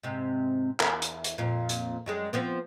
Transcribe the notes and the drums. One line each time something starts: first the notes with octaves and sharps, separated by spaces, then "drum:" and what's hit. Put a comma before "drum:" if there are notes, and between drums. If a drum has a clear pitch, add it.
G#2 C3
E2 A#4 E5, drum: clap
drum: hi-hat
drum: hi-hat
F2 A#2
drum: hi-hat
F#2 G3 G#3
F3 B3 C4